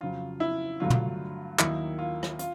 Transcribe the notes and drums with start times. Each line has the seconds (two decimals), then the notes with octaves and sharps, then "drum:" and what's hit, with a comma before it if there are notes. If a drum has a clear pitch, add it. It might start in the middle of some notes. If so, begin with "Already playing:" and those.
0.01 F2 C#3 F#3 F4
0.40 E4
0.80 G2 D3 F#3 A3 D4 F4
0.90 drum: tom
1.59 D#2 D#3 F#3 A#3 D#4 E4, drum: clap
1.99 F4
2.23 drum: rim click
2.39 F4, drum: hi-hat